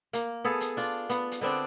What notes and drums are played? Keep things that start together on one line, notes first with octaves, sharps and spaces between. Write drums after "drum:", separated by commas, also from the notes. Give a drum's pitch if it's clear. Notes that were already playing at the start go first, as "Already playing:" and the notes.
A#3, drum: hi-hat
B3 G#4 A4
drum: hi-hat
D4 F4
B3, drum: hi-hat
drum: hi-hat
D3 B3 C4 D4